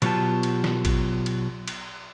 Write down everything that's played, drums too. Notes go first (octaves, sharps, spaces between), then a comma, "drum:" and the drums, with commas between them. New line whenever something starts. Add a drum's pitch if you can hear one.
B2 F#3 B3 F4 G4 A5, drum: cymbal
drum: cymbal
drum: snare
drum: kick, cymbal
drum: cymbal
drum: cymbal